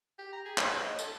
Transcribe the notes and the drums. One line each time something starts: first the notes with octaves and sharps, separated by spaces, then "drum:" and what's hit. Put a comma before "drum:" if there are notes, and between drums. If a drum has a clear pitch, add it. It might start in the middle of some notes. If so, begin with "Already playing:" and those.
G4
A#5
G#4
B4, drum: clap
C#5
D#5
A4, drum: tambourine